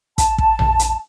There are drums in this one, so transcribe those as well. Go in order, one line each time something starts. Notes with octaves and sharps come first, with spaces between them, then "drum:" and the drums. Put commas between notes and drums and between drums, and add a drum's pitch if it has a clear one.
A5, drum: kick, hi-hat
drum: kick
drum: tom A#1
drum: hi-hat